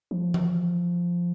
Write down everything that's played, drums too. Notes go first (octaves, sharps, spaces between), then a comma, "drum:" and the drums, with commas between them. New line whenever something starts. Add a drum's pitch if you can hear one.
F3
drum: tom E3